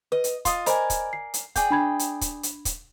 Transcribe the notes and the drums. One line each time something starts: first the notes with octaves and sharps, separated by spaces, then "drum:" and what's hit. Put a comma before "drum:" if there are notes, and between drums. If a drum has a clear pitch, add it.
B4 D#5
drum: hi-hat
F4 D#5 C6 D#6, drum: kick, hi-hat
A#4 C5 D5 D#5 G#5 B5, drum: hi-hat
drum: kick, hi-hat
C7
drum: hi-hat
G#4 D5 G5, drum: kick, hi-hat
D4 B5 G#6
drum: hi-hat
drum: kick, hi-hat
drum: hi-hat
drum: kick, hi-hat